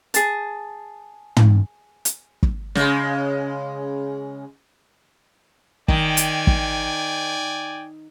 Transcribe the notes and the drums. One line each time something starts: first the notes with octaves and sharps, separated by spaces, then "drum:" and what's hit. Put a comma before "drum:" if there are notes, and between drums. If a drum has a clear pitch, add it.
G#4 A5, drum: hi-hat
drum: tom
drum: hi-hat
drum: kick
C#3 G#3, drum: snare
D#3 D5 G5 G#5, drum: kick
drum: hi-hat
drum: kick